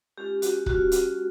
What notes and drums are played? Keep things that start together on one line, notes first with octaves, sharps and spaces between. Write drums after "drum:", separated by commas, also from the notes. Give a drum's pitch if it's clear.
G#3 C#4 F4 G4
F#4, drum: hi-hat
G#3 C#4 F4 F#4, drum: kick
drum: hi-hat